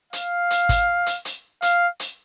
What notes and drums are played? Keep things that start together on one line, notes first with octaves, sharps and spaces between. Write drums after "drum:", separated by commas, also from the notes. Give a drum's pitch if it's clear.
F5, drum: hi-hat
drum: hi-hat
drum: kick, hi-hat
drum: hi-hat
drum: hi-hat
F5, drum: hi-hat
drum: hi-hat